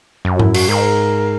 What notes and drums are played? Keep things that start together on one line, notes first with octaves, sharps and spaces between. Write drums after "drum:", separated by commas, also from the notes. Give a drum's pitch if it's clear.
F#2
F#4
E4, drum: tom G#2
F#4, drum: cymbal
G#2 A#4